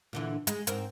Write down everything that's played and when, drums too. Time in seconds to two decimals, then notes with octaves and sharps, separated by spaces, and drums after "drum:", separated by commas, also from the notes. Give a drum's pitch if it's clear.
0.13 A#2 D3 E3
0.47 G#3 D#4, drum: hi-hat
0.67 G#2 C4 A#4, drum: hi-hat